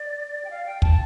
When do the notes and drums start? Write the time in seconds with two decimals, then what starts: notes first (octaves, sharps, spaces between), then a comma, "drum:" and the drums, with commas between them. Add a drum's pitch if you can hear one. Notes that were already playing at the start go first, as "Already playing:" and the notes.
Already playing: D5
0.45 G5
0.50 F5
0.66 G5
0.82 A5, drum: kick